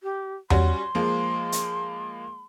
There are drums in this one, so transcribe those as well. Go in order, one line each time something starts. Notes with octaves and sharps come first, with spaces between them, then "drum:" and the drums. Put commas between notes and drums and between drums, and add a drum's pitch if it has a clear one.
G4
G3 C#4 F#4 C6, drum: tom E2
F3 G#3 A#3
drum: hi-hat